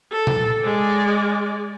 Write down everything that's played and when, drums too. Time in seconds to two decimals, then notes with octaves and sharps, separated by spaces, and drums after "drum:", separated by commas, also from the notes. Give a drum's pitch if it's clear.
0.12 A4
0.27 drum: tom A#2
0.61 G#3 D5